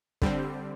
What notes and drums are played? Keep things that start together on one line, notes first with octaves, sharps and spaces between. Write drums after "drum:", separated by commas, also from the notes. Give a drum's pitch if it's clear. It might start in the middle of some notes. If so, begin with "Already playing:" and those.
D3 G3 C4, drum: kick